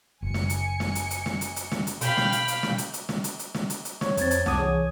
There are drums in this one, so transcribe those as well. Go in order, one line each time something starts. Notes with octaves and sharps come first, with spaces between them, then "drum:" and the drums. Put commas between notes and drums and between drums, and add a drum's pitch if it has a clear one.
F#1 G#5 C#7
drum: snare
drum: hi-hat
drum: snare
drum: hi-hat
drum: hi-hat
drum: snare
drum: hi-hat
drum: hi-hat
drum: snare
drum: hi-hat
B2 F5 G5 B5 F6, drum: hi-hat
drum: snare
drum: hi-hat
drum: hi-hat
drum: snare
drum: hi-hat
drum: hi-hat
drum: snare
drum: hi-hat
drum: hi-hat
drum: snare
drum: hi-hat
drum: hi-hat
C#5 C#6, drum: snare
F2 C4 C#5 G#6 A6, drum: hi-hat
drum: hi-hat
C2 F#5 A5 D6 D#6 G#6, drum: snare
E3 G#4 C#5